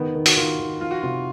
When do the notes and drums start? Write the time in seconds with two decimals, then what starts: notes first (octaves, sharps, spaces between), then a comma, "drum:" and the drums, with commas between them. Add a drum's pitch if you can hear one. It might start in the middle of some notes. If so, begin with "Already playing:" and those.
Already playing: D#3 B3
0.15 D#3
0.26 F#4, drum: open hi-hat
0.36 D#3 F4
0.59 D#3
0.81 F3 F4
0.91 F#4
1.01 C3 F4